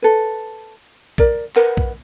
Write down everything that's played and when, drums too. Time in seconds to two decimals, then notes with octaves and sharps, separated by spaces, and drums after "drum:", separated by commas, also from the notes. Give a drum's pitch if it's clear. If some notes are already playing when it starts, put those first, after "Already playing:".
0.02 A4 B4
1.18 A#4 D5, drum: kick A#1
1.56 A#4 B4 D#5 F#5, drum: clap
1.77 drum: kick A#1